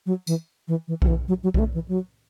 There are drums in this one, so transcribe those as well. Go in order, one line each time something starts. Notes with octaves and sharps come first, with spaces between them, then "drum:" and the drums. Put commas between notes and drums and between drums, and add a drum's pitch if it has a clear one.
F#3
E3, drum: tambourine
E3
E3
F#3, drum: kick B1
E3
F#3
F#3
F#3, drum: kick B1
A3
E3
F#3